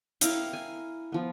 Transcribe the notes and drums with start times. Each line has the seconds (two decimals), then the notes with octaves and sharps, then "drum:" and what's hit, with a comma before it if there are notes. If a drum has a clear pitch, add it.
0.21 E4 A#4 F5 G5, drum: hi-hat
0.53 G#5
1.12 F3 B3